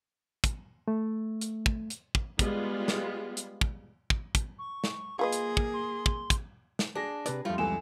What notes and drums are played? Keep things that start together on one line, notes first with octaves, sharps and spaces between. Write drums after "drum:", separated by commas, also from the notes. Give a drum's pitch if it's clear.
drum: kick, hi-hat
A3
drum: hi-hat
drum: kick
drum: hi-hat
drum: kick
G3 G#3 B3 F4, drum: kick, hi-hat
drum: snare
drum: hi-hat
drum: kick
drum: kick
drum: kick, hi-hat
C#6
drum: snare
A#3 F4 G#4 B4 D#5 C6
drum: hi-hat
drum: kick
C6
drum: kick
drum: kick, hi-hat
drum: snare
D4 G#4 A#6
C3 B4 D5, drum: hi-hat
F2 G3 A3 F4
C#2 E3 A4 G#5 E7